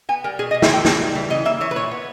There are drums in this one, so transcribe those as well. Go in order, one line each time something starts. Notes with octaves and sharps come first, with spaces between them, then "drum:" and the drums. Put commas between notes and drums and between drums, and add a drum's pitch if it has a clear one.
B3 G#5
G3 A#4
B2 G#4
D#5
B2
E5, drum: snare
A#3 G5 G#5
C#3, drum: snare
G3
E3
C#3 D#5
A#3 E5
E3 C#5
B4
A#2 C#5
B3